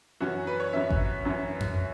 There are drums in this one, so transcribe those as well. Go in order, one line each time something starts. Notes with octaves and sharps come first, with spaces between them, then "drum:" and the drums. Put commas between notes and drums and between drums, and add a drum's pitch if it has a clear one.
F#2 E3 C#4 F#4
B4
C#5
F#2 E3 C#4 E5
drum: kick G#1
F#2 E3 C#4
drum: tom F2